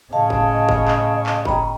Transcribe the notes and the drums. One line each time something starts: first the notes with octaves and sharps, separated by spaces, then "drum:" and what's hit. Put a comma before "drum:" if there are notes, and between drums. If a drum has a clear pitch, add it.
A2 C#3 D#5 F5 A5
drum: kick G1
drum: kick G1
drum: clap
drum: clap
D#5 G5 A#5 B5, drum: kick G1